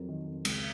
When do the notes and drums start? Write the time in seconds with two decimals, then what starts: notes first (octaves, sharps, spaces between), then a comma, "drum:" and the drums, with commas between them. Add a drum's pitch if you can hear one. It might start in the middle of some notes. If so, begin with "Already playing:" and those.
Already playing: F2 F3 F#3 A#4
0.08 D#3
0.27 F2
0.45 C#2, drum: cymbal